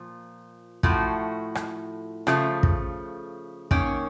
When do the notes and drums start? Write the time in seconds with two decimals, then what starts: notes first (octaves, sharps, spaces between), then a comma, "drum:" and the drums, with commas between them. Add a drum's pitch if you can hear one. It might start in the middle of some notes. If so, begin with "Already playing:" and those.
Already playing: A#2 F3
0.83 A2 F3 A3 F#4, drum: kick
1.55 drum: rim click
2.27 C#3 F3 A3, drum: rim click
2.63 drum: kick
3.71 D#3 A#3 C#4, drum: kick